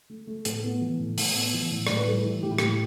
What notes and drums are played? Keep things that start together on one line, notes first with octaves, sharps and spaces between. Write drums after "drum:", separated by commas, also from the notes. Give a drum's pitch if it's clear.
A3
A3
A2 A4, drum: hi-hat
B3
E3
A2
A2, drum: open hi-hat
B3
E3
A2
A2 D5, drum: rim click
B4
G3 A4
E3 E4
A2 G4
E4
A2 G4, drum: rim click